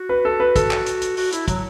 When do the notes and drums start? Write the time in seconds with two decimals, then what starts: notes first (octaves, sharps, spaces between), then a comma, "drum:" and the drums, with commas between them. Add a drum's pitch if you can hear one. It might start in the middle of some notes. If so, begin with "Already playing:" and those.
Already playing: F#4
0.09 B4
0.25 A4
0.40 B4
0.56 A4, drum: kick, hi-hat
0.71 drum: clap
0.86 drum: hi-hat
1.02 drum: hi-hat
1.17 F#4, drum: open hi-hat
1.32 E4, drum: hi-hat
1.48 F#3, drum: kick, hi-hat